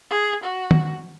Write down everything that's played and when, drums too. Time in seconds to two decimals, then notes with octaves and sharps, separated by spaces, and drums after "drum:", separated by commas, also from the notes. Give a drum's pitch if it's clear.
0.11 G#4
0.43 F#4
0.71 drum: tom D#3